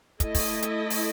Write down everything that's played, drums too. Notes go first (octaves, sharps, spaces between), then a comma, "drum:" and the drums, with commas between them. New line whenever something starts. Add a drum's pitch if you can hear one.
A3 E4 A4 D#5, drum: kick, hi-hat
drum: kick, open hi-hat
drum: hi-hat
drum: open hi-hat